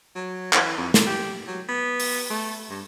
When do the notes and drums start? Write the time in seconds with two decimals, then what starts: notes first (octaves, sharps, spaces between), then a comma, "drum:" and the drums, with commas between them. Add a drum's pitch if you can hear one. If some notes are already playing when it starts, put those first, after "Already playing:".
0.15 F#3
0.53 E3, drum: clap
0.78 F2
0.94 A#2, drum: snare
1.06 G4
1.48 F#3
1.68 B3
2.00 drum: open hi-hat
2.30 A3
2.69 G2